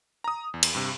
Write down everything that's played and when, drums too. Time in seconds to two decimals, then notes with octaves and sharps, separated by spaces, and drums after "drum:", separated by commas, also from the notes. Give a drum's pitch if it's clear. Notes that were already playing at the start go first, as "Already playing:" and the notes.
0.24 A#5 D#6
0.54 E2
0.63 drum: cymbal
0.75 G2 C3